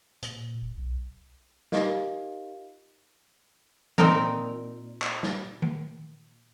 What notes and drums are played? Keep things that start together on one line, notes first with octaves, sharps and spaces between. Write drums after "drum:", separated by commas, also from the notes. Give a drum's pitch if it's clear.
A#2, drum: hi-hat
E1
B1
D#4 F4 G4 A#4 D#5 F5, drum: snare
A#2 C4 D#4 A#4 A#5, drum: tom E3
drum: clap
drum: snare
drum: tom D#3